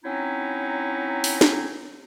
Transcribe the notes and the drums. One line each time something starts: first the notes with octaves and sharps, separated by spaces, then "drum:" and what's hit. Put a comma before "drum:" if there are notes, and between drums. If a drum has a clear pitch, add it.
F#3 C4 C#4 D#4 E4
drum: open hi-hat
drum: snare